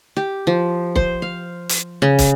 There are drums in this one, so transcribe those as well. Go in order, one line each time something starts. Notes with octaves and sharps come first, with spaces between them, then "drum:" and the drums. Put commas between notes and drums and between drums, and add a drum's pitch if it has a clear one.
G4
F3
C5, drum: kick
F5
drum: hi-hat
C#3
drum: kick, hi-hat